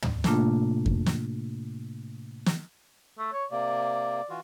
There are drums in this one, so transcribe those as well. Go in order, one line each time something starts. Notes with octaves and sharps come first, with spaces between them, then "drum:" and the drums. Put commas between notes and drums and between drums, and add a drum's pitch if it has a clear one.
drum: tom
A2 C3 A3 A#3 D4 F4, drum: snare
drum: kick F2
drum: snare
drum: snare
A3
C#5
C3 A#3 D5
E3 F4 F#4